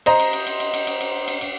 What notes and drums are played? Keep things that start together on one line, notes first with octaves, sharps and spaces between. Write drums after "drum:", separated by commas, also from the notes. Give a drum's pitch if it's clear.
C5 D#5 A#5, drum: cymbal
drum: cymbal
drum: cymbal
drum: cymbal
drum: cymbal
drum: cymbal
drum: cymbal
drum: cymbal
drum: cymbal
drum: cymbal